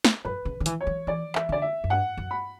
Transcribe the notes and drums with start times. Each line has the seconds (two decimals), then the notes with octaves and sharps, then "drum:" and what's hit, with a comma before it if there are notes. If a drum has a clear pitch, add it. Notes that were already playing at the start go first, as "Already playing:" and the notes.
0.05 drum: snare
0.25 F#2 B4
0.45 C#3
0.60 D3
0.66 E3, drum: hi-hat
0.81 C#5
0.87 F#3
1.07 E3 D5
1.35 E5, drum: clap
1.49 D3 D5
1.62 E5
1.84 F#2
1.90 G2 F#5
2.17 F#2
2.31 B5